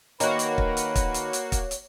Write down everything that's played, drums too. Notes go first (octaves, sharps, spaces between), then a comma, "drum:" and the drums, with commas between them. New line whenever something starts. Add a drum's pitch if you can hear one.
D#3 A#3 F#4 B4 C#5, drum: hi-hat
drum: hi-hat
drum: kick
drum: hi-hat
drum: kick, hi-hat
drum: hi-hat
drum: hi-hat
drum: kick, hi-hat
drum: hi-hat